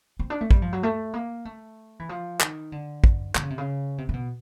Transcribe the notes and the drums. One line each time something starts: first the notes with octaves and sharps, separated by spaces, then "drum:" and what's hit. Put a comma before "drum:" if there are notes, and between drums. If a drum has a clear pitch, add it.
C4
D4
A3
G3, drum: kick
F3
F#3
A3
A#3
A3
E3
F3
D#3, drum: clap
D3
drum: kick
D3, drum: clap
C#3
C3
C#3
C3
C3
B2